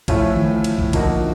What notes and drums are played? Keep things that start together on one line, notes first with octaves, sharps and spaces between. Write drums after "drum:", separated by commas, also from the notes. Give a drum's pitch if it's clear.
A2 F3 A3 C#4 F4, drum: kick, cymbal
drum: tom D3
drum: cymbal
drum: kick
D3 F3 A#3 D#4 F#4, drum: kick, cymbal